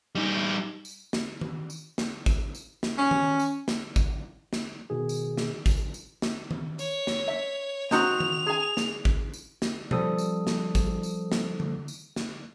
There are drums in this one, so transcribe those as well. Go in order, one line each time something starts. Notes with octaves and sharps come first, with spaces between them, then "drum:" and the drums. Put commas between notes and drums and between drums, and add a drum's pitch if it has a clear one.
G3 D#4
drum: tambourine
drum: snare
drum: tom D#3
drum: tambourine
drum: snare
drum: kick G#1, tambourine
drum: tambourine
drum: snare
C#4
drum: tom D#3
drum: tambourine
drum: snare
drum: kick G#1, tambourine
drum: snare
B2 D#3 G#4
drum: tambourine
drum: snare
drum: kick G#1, tambourine
drum: tambourine
drum: snare
drum: tom D#3
C#5, drum: tambourine
drum: snare
E5
C4 D#4 F#4 F7, drum: snare
drum: tom D#3
G#4 G#5
drum: snare
drum: kick G#1
drum: tambourine
drum: snare
F3 G3 C4 A4 D#6, drum: tom B2
drum: tambourine
drum: snare
drum: kick G#1, tambourine
drum: tambourine
drum: snare
drum: tom D3
drum: tambourine
drum: snare